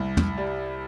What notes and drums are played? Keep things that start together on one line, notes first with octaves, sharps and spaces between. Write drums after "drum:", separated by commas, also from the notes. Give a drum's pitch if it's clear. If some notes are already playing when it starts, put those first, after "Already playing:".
Already playing: C2
drum: tom
G3